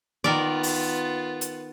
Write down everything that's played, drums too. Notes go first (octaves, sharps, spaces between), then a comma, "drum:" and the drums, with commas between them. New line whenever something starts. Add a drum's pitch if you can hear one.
D#3 B3 F4 A#4 D5
drum: open hi-hat
drum: hi-hat